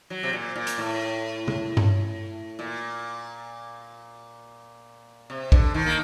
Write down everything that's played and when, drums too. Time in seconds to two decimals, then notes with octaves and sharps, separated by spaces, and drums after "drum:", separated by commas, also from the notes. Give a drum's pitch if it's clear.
0.10 F#3
0.23 C3
0.33 A#2
0.56 A#2
0.67 drum: hi-hat
0.78 A2
1.48 drum: tom
1.77 drum: tom G2
2.59 A#2
5.30 C3
5.52 D3, drum: kick
5.74 D#3
5.86 A#3